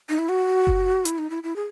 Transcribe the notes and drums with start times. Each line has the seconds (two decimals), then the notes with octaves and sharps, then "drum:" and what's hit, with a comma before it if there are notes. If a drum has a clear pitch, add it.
0.09 D#4
0.19 E4
0.29 F#4
0.67 drum: kick F#1
1.05 E4, drum: hi-hat
1.18 D#4
1.30 E4
1.43 E4
1.56 G#4